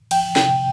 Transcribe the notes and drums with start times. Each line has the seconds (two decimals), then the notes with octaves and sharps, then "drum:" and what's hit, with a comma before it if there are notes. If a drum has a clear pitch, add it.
0.11 F3 G5, drum: cymbal
0.36 C3 G5, drum: snare